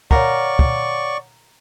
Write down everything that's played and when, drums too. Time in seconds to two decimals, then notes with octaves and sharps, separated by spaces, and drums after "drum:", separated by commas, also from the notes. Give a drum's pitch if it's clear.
0.11 A#4 C#5 D5 F5 F#5 C#6, drum: kick
0.59 drum: kick